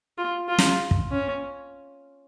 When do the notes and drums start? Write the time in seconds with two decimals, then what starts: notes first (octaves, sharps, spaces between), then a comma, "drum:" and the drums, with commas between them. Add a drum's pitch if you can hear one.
0.18 F4
0.49 F4
0.58 drum: snare
0.91 drum: kick
1.11 C#4